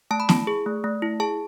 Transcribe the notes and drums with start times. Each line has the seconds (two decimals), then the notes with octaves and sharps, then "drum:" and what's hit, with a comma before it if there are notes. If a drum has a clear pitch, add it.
0.11 A3 A5
0.20 B5
0.29 E4 A5, drum: snare
0.47 G#4
0.66 A3
0.84 A3
1.02 E4
1.20 G#4 A5